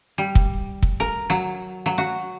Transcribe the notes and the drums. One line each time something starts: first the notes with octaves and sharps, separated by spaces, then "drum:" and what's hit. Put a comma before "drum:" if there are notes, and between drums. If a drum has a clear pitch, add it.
G3
drum: kick
drum: kick
A#4
F#3
F#3
F#4